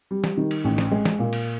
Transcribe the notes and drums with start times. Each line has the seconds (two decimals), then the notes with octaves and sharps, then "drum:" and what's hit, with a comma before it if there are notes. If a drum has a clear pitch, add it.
0.11 G3
0.24 drum: snare
0.37 D#3
0.51 drum: cymbal
0.64 A1
0.78 drum: snare
0.91 G#3
1.05 drum: snare
1.19 A#2
1.33 drum: cymbal